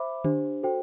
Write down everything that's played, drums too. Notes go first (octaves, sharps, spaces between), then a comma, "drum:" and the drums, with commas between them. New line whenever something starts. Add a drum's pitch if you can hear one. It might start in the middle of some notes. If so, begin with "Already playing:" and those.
Already playing: C5 E5 B5 D6
D4 G4 C5, drum: tom D3
F#4 A4 C5 G5